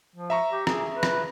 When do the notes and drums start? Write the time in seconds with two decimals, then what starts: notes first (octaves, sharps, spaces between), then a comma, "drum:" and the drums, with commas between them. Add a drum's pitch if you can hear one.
0.16 F3
0.30 E5 A#5 C#6
0.52 G4
0.67 G#4, drum: rim click
0.94 B4
1.03 drum: rim click